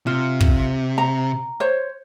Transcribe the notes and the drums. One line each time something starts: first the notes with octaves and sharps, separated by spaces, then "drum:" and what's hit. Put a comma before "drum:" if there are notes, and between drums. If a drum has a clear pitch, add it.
C3 F4
drum: kick
A#5
C5 C#5